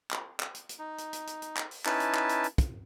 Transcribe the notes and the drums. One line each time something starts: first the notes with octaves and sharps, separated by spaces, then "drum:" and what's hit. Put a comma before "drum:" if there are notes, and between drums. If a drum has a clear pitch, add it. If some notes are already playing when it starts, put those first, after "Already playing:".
drum: clap
drum: clap
drum: hi-hat
drum: hi-hat
D#4
drum: hi-hat
drum: hi-hat
drum: hi-hat
drum: hi-hat
drum: clap
drum: open hi-hat
C#4 D#4 E4 B4 A5, drum: clap
drum: hi-hat
drum: clap
drum: hi-hat
drum: hi-hat
drum: kick, hi-hat